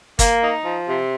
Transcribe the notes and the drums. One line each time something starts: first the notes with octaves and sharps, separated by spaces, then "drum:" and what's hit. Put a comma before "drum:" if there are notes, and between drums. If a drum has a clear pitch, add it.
A#3, drum: kick, hi-hat
D#4
F3
C3